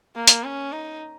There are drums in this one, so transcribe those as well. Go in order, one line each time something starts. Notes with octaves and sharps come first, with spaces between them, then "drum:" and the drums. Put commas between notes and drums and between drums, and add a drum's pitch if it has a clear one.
A#3
drum: hi-hat
C#4
D#4